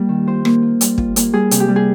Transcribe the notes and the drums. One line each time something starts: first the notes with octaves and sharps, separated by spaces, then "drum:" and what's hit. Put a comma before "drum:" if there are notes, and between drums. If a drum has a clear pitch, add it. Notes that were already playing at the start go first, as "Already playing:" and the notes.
Already playing: G3 A#3
D#3
F4 C5
A#3, drum: rim click
F4
G3, drum: hi-hat
F4, drum: kick
A#3, drum: hi-hat
G3 G#4
C3, drum: hi-hat
G4
G3
G#4